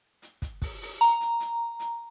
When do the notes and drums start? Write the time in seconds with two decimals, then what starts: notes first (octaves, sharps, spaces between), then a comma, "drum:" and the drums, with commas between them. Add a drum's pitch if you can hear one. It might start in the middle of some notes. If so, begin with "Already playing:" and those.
0.22 drum: hi-hat
0.42 drum: kick, hi-hat
0.62 drum: kick, open hi-hat
0.81 drum: open hi-hat
1.01 A#5
1.21 drum: hi-hat
1.40 drum: hi-hat
1.80 drum: hi-hat